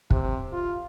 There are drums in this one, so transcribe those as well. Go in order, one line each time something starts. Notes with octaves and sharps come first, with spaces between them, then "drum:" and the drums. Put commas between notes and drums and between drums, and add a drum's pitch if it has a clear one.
C3, drum: kick
F4